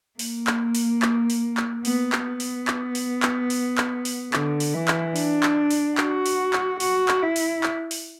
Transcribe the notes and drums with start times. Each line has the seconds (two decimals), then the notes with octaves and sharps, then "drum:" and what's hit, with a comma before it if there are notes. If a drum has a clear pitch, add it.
0.19 A#3, drum: open hi-hat
0.47 drum: clap
0.75 drum: open hi-hat
1.02 drum: clap
1.30 drum: open hi-hat
1.57 drum: clap
1.85 B3, drum: open hi-hat
2.12 drum: clap
2.26 B3
2.40 drum: open hi-hat
2.67 drum: clap
2.95 drum: open hi-hat
3.23 drum: clap
3.50 drum: open hi-hat
3.78 drum: clap
4.05 drum: open hi-hat
4.33 D3, drum: clap
4.60 drum: open hi-hat
4.74 E3
4.88 drum: clap
5.16 D4, drum: open hi-hat
5.43 drum: clap
5.71 drum: open hi-hat
5.98 F#4, drum: clap
6.26 drum: open hi-hat
6.53 drum: clap
6.80 F#4, drum: open hi-hat
7.08 drum: clap
7.22 E4
7.36 drum: open hi-hat
7.63 drum: clap
7.91 drum: open hi-hat